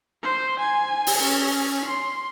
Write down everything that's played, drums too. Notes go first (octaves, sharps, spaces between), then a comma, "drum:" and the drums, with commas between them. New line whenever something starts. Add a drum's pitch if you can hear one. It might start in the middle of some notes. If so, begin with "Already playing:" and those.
C5
G#5
drum: open hi-hat
C#4
C6